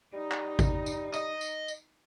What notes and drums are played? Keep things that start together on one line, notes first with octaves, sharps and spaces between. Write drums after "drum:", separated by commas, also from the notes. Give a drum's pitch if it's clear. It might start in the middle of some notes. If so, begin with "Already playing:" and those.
G3 D#4
drum: clap
drum: kick G#1, tambourine
drum: tambourine
D#5, drum: tambourine
drum: tambourine
drum: tambourine